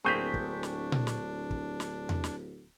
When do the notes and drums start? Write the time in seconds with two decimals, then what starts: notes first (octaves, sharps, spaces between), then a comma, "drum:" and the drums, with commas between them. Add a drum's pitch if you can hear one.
0.05 D1 A#3 C4 D4 G#4 C#6 G6 B6
0.34 drum: kick
0.63 drum: snare
0.92 drum: tom A#2
1.07 drum: snare
1.51 drum: kick
1.80 drum: snare
2.09 drum: tom E2
2.24 drum: snare